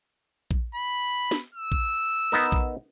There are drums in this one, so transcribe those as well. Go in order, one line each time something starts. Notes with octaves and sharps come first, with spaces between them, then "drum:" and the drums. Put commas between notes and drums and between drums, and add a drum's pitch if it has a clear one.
drum: kick A#1
B5
drum: snare
E6
drum: kick A#1
B3 D#4 A#4
drum: kick A#1